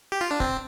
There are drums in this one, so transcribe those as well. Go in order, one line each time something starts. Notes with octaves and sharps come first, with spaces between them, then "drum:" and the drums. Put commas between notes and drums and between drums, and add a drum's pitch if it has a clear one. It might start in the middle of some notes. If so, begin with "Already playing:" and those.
G4
F4
D4
C4, drum: kick